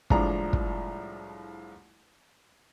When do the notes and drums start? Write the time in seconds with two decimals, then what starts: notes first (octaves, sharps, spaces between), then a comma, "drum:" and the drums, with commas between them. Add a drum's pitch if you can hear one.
0.10 C2 A2 F3 G#3 D4 A#5, drum: kick
0.53 drum: kick